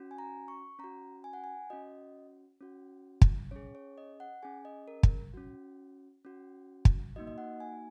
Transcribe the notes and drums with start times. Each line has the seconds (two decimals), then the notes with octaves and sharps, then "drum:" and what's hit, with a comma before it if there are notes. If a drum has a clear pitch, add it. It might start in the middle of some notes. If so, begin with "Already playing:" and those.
Already playing: C#4 F#4
0.11 G#5
0.18 A#5
0.48 C#6
0.79 C#4 F#4 A#5
1.24 G#5
1.33 F#5
1.44 G#5
1.70 C#4 F#4 D#5
2.61 C#4 F#4
3.21 drum: kick
3.51 C#4 G#4 C#5
3.75 C#5
3.98 D#5
4.20 F#5
4.43 C#4 G#4 G#5
4.65 D#5
4.88 A#4
5.03 drum: kick
5.34 C#4 F#4
6.25 C#4 F#4
6.85 drum: kick
7.16 A#3 D#4 F#4 D#5
7.27 D#5
7.38 F#5
7.60 G#5